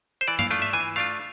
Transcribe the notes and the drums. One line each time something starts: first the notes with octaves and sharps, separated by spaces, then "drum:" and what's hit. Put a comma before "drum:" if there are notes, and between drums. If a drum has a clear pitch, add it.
C5
E3 D5
F5, drum: tom
A3 D4 F4
E5
E3 G#5
A3 D4 F4 F5